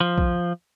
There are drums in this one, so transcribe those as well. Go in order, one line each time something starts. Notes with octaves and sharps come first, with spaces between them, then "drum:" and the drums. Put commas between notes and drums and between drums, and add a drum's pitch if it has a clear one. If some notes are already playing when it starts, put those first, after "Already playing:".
F3
drum: kick A#1